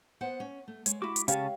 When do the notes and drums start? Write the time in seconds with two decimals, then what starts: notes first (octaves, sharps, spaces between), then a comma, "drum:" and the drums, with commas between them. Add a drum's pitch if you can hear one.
0.21 B3 C5 F#5
0.40 C#4
0.68 A3
0.86 G#3 C#5, drum: hi-hat
1.02 E4 F#4 D6
1.16 drum: hi-hat
1.28 C#3 C#4 G4 C#5 F5 A5, drum: hi-hat